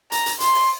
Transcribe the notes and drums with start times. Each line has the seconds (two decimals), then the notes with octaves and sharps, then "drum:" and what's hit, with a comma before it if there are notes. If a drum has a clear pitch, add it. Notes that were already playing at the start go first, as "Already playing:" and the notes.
0.12 A#5, drum: hi-hat
0.26 drum: hi-hat
0.40 C6, drum: hi-hat
0.55 drum: open hi-hat